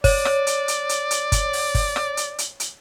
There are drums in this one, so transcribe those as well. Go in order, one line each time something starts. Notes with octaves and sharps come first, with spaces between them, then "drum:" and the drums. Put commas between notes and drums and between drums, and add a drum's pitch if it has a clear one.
C#5 D5, drum: kick G1, open hi-hat
drum: rim click
drum: hi-hat
drum: hi-hat
drum: hi-hat
drum: hi-hat
drum: kick G1, hi-hat
drum: open hi-hat
drum: kick G1, open hi-hat
drum: rim click
drum: hi-hat
drum: hi-hat
drum: hi-hat